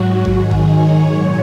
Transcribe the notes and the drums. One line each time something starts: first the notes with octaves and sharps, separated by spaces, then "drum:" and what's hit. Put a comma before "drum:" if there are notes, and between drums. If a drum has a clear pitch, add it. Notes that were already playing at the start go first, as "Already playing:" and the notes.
Already playing: G#2 F#3 F#4
G#2 D#3 G#3 G#4, drum: kick A1
drum: kick A1
C#5
A#2 F#3 C#5